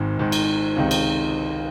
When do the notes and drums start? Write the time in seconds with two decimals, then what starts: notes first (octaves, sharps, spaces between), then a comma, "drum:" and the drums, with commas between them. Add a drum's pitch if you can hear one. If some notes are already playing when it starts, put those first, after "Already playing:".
Already playing: G#1 G#2 D#3
0.18 G#1 G#2 D#3
0.32 drum: cymbal
0.76 C#2 C3 D#3 G#3 C4
0.91 drum: cymbal